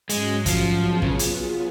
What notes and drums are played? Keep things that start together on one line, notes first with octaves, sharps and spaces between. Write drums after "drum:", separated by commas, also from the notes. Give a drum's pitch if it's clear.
G#2 F#3 G#3 C#4 F#4, drum: hi-hat
F3, drum: kick, hi-hat
F#3 B3 F4 G#4
C#3, drum: kick
drum: hi-hat